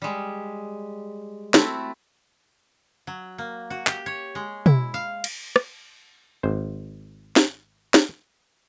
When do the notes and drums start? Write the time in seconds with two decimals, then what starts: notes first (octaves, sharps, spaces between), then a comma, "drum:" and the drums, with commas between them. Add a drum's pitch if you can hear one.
0.02 G3 G#3
1.54 A3 C4 E4 F#4 A4, drum: snare
3.07 F#3
3.38 A#3
3.70 F#4
3.87 G4, drum: clap
4.06 C#5
4.35 G#3
4.66 E4, drum: tom
4.94 F5
5.24 drum: cymbal
5.56 drum: rim click
6.43 G#1 C5
7.36 drum: snare
7.94 drum: snare